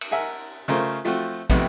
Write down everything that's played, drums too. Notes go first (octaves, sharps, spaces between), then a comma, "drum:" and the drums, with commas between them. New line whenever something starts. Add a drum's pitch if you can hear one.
drum: cymbal
A#4 E5 F#5 G#5
C#3 A3 F4 A#4 C5
F3 A3 C4 F4 F#4
F2 C3 A3 B3, drum: kick, cymbal